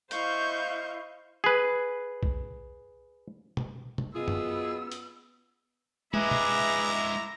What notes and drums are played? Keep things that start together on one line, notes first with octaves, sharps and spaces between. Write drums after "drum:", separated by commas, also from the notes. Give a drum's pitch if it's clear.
E4 C5 D#5 F5 C#6 G6, drum: hi-hat
G#4 B4
drum: kick B1
drum: tom B2
drum: tom
F#2 B3 F4 G#4 D#5 E6
drum: tom F#2
drum: hi-hat
G#3 E4 G#4 B4 E5 A#5 D6, drum: tom
drum: tom B2